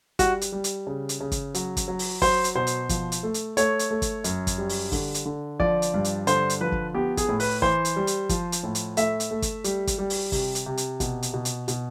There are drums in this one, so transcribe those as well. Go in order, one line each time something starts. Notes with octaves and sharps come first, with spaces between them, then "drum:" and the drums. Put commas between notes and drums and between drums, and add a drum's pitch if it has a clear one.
G3 F#4, drum: kick, hi-hat
drum: hi-hat
G3
drum: hi-hat
C#3
drum: hi-hat
C#3
drum: kick, hi-hat
F#3, drum: hi-hat
drum: kick, hi-hat
F#3
drum: open hi-hat
F#3 C5, drum: kick, open hi-hat
drum: hi-hat
B2 C5
drum: hi-hat
F3, drum: kick, hi-hat
drum: hi-hat
A3
drum: hi-hat
A3 C#5, drum: hi-hat
drum: hi-hat
A3
drum: kick, hi-hat
F#2, drum: hi-hat
drum: kick, hi-hat
G3
drum: open hi-hat
D3, drum: kick, open hi-hat
drum: hi-hat
D3
F3 D5, drum: kick
drum: hi-hat
G2
drum: hi-hat
D3 C5, drum: hi-hat
drum: hi-hat
F3 B4
drum: kick
B3 G4
G#4, drum: kick, hi-hat
A2
B4, drum: open hi-hat
E3 C5, drum: kick
drum: hi-hat
G3
drum: hi-hat
F3, drum: kick, hi-hat
drum: hi-hat
A2
drum: hi-hat
A3 E5, drum: hi-hat
drum: hi-hat
A3
drum: kick, hi-hat
G3, drum: hi-hat
drum: kick, hi-hat
G3
drum: open hi-hat
C3, drum: kick, open hi-hat
drum: hi-hat
C3
drum: hi-hat
B2, drum: kick, hi-hat
drum: hi-hat
B2
drum: hi-hat
B2, drum: hi-hat